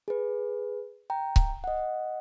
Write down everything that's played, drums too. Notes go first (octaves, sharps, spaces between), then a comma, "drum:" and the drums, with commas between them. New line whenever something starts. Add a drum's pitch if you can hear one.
G#4 B4
G5 A#5
drum: kick C#1
D#5 F#5